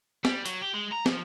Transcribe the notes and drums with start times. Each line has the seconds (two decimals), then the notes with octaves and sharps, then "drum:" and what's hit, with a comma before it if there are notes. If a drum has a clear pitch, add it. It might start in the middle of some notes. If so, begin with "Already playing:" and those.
0.25 G3, drum: snare
0.46 F#3, drum: hi-hat
0.62 G4
0.74 G#3
0.93 A#5
1.06 F3, drum: snare